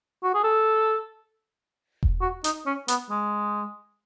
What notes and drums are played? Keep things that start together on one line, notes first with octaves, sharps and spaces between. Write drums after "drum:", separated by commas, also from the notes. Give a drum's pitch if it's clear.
F#4
G#4
A4
drum: kick E1
F#4
D#4, drum: hi-hat
C#4
B3, drum: hi-hat
G#3